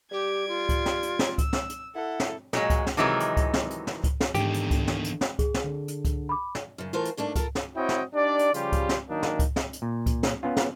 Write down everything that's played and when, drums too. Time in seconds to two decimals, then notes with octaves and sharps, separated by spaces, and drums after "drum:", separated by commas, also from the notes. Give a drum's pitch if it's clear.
0.12 G3 G4 G#6 D7
0.48 F4
0.69 drum: kick C#2, hi-hat
0.86 drum: snare
1.02 drum: hi-hat
1.19 drum: snare
1.38 E6, drum: kick C#2, hi-hat
1.53 drum: snare
1.69 drum: hi-hat
1.95 E4 A4 F#5
2.20 drum: snare
2.53 A#2 F#3 G#3, drum: snare
2.70 drum: kick C#2, hi-hat
2.87 drum: snare
2.97 C3 D#3 E3 F#3 G#3 A#4
3.20 drum: hi-hat
3.37 drum: kick C#2, hi-hat
3.54 drum: snare
3.70 drum: hi-hat
3.87 drum: snare
4.04 drum: kick C#2, hi-hat
4.21 drum: snare
4.35 E2 G#2 D3 D#3 G4, drum: hi-hat
4.54 drum: hi-hat
4.71 drum: kick C#2, hi-hat
4.87 drum: snare
5.04 drum: hi-hat
5.21 drum: snare
5.39 G#4, drum: kick C#2, hi-hat
5.54 drum: snare
5.64 D3
5.88 drum: hi-hat
6.05 drum: kick C#2, hi-hat
6.29 B5 D6
6.55 drum: snare
6.78 F#2 C#3
6.93 E3 A3 F4 A#4 C5
7.05 drum: hi-hat
7.17 G#2 A3 A#3 D4
7.36 F4 A4 A#4, drum: kick C#2, hi-hat
7.55 drum: snare
7.76 C4 E4 F#4 C#5 D#5 G5
7.89 drum: snare
8.14 D4 D#4 G4 D5
8.39 drum: hi-hat
8.54 C#3 F3 G3 F4 G4, drum: hi-hat
8.72 drum: kick C#2, hi-hat
8.89 drum: snare
9.09 D#3 F#3 A#3 D4 D#4
9.23 drum: snare
9.39 drum: kick C#2, hi-hat
9.56 drum: snare
9.73 drum: hi-hat
9.82 A#2
10.06 drum: kick C#2, hi-hat
10.23 drum: snare
10.43 B3 C#4 F4
10.57 drum: snare